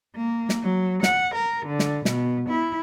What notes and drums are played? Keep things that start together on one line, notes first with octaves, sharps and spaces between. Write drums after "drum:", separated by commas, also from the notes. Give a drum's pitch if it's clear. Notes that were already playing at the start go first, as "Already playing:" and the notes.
A#3
drum: snare
F#3
F#5, drum: snare
A#4
D3
drum: snare
B2, drum: snare
E4